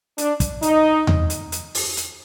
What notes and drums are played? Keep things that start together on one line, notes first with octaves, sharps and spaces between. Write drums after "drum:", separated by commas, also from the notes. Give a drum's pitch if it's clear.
D4, drum: hi-hat
drum: kick, hi-hat
D#4, drum: hi-hat
drum: tom E2
drum: hi-hat
drum: hi-hat
drum: open hi-hat
drum: hi-hat